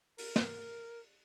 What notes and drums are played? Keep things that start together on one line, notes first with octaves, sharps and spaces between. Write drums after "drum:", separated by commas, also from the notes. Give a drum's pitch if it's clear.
A#4, drum: open hi-hat
drum: snare